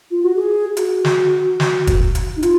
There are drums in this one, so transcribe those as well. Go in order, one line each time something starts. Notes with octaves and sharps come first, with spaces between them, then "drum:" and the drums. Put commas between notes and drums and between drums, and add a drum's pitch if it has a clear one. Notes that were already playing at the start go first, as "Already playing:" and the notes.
F4
F#4
G#4
F#4, drum: hi-hat
drum: snare
drum: snare
drum: kick, hi-hat
drum: hi-hat
D#4
F4, drum: hi-hat